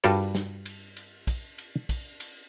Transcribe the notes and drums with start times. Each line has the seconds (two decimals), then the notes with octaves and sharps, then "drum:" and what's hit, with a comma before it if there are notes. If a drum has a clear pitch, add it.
0.04 G2 G3 F4 F#4 A4 A#4, drum: cymbal
0.35 drum: snare
0.66 drum: cymbal
0.96 drum: cymbal
1.27 drum: kick, cymbal
1.58 drum: cymbal
1.89 drum: kick, cymbal
2.20 drum: cymbal